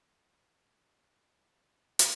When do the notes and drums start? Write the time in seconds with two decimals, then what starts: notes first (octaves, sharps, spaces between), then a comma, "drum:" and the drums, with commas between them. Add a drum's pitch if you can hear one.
0.18 E1 E2 C#3 G#3 G#5
0.36 F#5
0.54 C#6
0.73 D#6
0.90 F#1 E2 B2 F#6
1.03 F#6
1.15 E6
1.27 C#6
1.39 B5
1.62 G#1 F#2 C#3
1.99 drum: hi-hat